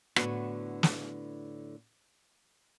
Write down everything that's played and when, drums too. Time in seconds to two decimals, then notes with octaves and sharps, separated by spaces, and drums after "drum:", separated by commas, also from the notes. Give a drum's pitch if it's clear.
0.16 A2 D3 B3 F#4, drum: rim click
0.83 drum: snare